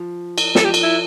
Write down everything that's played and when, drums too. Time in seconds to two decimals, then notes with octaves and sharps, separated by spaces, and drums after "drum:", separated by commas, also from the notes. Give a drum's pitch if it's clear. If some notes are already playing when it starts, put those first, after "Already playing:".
Already playing: F3
0.38 drum: cymbal
0.55 F3 A4, drum: snare
0.65 G4
0.74 drum: cymbal
0.83 E4